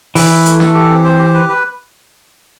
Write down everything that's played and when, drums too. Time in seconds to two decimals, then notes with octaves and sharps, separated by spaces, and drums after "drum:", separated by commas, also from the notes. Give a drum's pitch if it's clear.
0.15 E3 E5, drum: open hi-hat
0.31 E4
0.46 A3, drum: hi-hat
0.60 A4, drum: snare
0.74 G4
0.89 C4
1.04 C5
1.19 G4
1.34 B4
1.49 B4